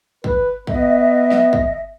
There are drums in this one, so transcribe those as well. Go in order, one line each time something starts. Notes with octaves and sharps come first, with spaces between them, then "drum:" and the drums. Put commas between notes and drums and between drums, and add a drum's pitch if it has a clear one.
B4, drum: kick
B3 D#5 E5, drum: kick
drum: snare
drum: kick